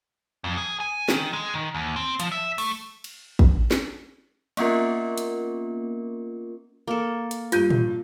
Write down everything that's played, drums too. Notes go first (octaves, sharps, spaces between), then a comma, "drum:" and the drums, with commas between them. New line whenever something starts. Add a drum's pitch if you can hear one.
F2
G#4
G#5
D#3, drum: snare
G#3
D#3
D#2
C4
F3, drum: hi-hat
E5
A3, drum: open hi-hat
drum: cymbal
drum: kick
drum: snare
A#3 B3 C#4 F4 A#4, drum: cymbal
drum: hi-hat
A#3 A4
drum: hi-hat
G2 F4 G6 D#7, drum: hi-hat
drum: tom